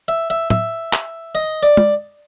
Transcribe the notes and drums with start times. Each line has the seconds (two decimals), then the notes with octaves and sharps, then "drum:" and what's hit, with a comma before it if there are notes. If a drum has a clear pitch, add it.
0.08 E5
0.30 E5
0.50 E5, drum: tom
0.93 drum: clap
1.35 D#5
1.63 D5
1.77 drum: tom